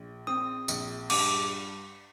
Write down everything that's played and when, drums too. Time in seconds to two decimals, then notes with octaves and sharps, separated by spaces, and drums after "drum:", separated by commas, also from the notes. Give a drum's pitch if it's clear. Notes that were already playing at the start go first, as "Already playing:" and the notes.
Already playing: A#1
0.27 C4 D#6
0.68 A#1, drum: tambourine
1.10 G2 D6, drum: cymbal